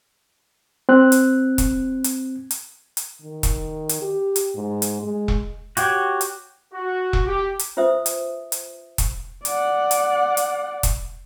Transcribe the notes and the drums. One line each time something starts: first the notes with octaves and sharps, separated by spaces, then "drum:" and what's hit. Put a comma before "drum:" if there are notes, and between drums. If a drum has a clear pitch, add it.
C4 F#6
drum: hi-hat
drum: kick E1, hi-hat
drum: hi-hat
drum: hi-hat
drum: hi-hat
D#3
drum: kick E1, hi-hat
drum: hi-hat
G4
drum: hi-hat
G#2
drum: hi-hat
G#3
drum: kick E1
F#4 G4 C#5, drum: hi-hat
drum: hi-hat
F#4
drum: kick E1
G4
drum: hi-hat
F4 B4 C5 E5 D#6
drum: hi-hat
drum: hi-hat
drum: kick E1, hi-hat
D5 F#5, drum: hi-hat
drum: hi-hat
drum: hi-hat
drum: kick E1, hi-hat